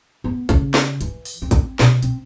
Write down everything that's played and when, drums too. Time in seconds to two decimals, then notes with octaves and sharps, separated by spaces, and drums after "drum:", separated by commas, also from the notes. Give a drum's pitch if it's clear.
0.24 B3
0.49 C#3, drum: kick, hi-hat
0.74 drum: snare
1.01 E3, drum: hi-hat
1.25 drum: open hi-hat
1.42 C4
1.51 drum: kick, hi-hat
1.79 B2, drum: snare
2.03 C4, drum: hi-hat